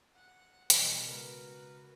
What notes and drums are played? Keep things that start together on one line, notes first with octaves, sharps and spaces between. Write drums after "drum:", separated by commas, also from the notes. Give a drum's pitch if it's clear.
F#5
B2 E3 F3 G3 F#5, drum: hi-hat
C#3 G#3 F#4 A#4 B4